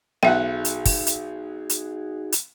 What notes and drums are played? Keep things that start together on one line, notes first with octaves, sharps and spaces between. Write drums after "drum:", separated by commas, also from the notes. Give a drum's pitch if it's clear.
B1 D#4 F#4 G#4 E5 F#5 G5
drum: hi-hat
drum: kick, open hi-hat
drum: hi-hat
drum: hi-hat
drum: hi-hat